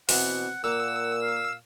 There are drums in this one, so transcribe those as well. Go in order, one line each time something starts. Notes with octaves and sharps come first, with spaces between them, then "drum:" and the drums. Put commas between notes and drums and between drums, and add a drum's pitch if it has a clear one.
B2 E3 B3 C4 F#5, drum: open hi-hat
A#2 A#3 F#5 E6
F5